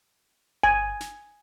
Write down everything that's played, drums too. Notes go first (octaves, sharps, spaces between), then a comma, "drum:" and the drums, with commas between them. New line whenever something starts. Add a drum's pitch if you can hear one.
G#5, drum: kick G1
drum: snare